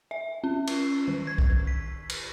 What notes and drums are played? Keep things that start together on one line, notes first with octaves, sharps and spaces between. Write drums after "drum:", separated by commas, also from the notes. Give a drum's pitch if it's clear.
E5
C#4
drum: cymbal
D#3
G#6
drum: kick B1
B6
drum: cymbal